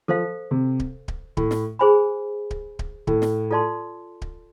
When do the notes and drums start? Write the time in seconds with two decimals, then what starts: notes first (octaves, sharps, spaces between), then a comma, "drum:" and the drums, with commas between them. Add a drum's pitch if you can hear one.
0.08 F3 A4 C5 F5
0.51 C3
0.80 drum: kick D1
1.08 drum: kick D1
1.37 A2, drum: kick D1
1.51 drum: snare
1.79 G#4 C5 G#5 B5
2.51 drum: kick D1
2.79 drum: kick D1
3.07 A2, drum: kick D1
3.22 drum: snare
3.51 F4 A4 D5 A5 C6
4.22 drum: kick D1